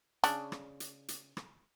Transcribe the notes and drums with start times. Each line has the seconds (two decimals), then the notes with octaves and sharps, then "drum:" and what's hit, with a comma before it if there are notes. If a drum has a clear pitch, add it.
0.24 C#3 D4, drum: hi-hat
0.52 drum: rim click
0.80 drum: hi-hat
1.08 drum: hi-hat
1.37 drum: rim click